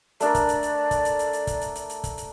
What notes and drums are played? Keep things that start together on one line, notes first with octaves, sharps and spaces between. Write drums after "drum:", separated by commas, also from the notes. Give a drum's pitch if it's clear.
A3 D4 A#4 D5, drum: hi-hat
drum: kick, hi-hat
drum: hi-hat
drum: hi-hat
drum: kick, hi-hat
drum: hi-hat
drum: hi-hat
drum: hi-hat
drum: kick, hi-hat
drum: hi-hat
drum: hi-hat
drum: hi-hat
drum: kick, hi-hat
drum: hi-hat